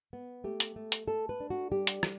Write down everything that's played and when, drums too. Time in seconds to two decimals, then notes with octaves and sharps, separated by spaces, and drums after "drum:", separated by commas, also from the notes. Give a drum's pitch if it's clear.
0.13 B3
0.44 A3 G4
0.60 drum: hi-hat
0.76 A3
0.92 drum: hi-hat
1.07 A3 A4
1.29 B4
1.40 D4
1.50 F#4
1.72 G3 G4
1.87 drum: hi-hat
2.03 G3, drum: rim click